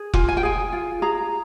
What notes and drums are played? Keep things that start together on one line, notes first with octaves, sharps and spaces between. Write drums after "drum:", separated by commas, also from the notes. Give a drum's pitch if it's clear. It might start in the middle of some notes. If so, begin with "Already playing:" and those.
Already playing: G#4
F4 G#5, drum: kick F1
G#5
G5
G#4 G#5
F4
G#4 A#5